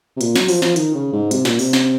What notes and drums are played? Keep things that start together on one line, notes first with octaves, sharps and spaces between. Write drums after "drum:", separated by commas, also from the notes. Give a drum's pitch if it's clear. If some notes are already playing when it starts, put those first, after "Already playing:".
C3
A#2, drum: hi-hat
F#3, drum: snare
F3, drum: open hi-hat
F3, drum: snare
D#3, drum: hi-hat
C#3
G#2
C3, drum: hi-hat
A#2, drum: snare
C3, drum: open hi-hat
drum: snare